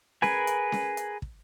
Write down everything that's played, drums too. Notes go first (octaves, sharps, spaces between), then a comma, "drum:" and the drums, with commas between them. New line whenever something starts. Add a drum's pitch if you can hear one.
G#4 A#4 B4 G#5, drum: snare C#4
drum: hi-hat
drum: snare C#4
drum: hi-hat
drum: kick